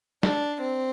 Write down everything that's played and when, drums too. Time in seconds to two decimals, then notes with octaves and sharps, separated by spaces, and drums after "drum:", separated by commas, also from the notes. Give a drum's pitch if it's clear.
0.23 D4, drum: snare
0.61 C4